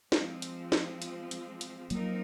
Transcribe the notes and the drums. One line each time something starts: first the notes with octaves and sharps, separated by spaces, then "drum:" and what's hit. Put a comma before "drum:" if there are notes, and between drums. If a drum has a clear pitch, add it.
F3 G#3 C4, drum: snare
drum: hi-hat
drum: snare
drum: hi-hat
drum: hi-hat
drum: hi-hat
F3 F#3 A#3 C4 D#4 A#4, drum: hi-hat